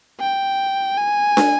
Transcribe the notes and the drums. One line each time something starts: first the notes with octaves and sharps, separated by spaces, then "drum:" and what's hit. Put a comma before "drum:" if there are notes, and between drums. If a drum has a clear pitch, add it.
G5
G#5
drum: snare